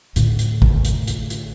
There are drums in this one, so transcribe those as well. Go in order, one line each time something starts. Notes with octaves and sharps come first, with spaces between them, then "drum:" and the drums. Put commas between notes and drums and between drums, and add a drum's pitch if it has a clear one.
A2 D3, drum: hi-hat
drum: hi-hat
drum: kick G#1
drum: hi-hat
drum: hi-hat
drum: hi-hat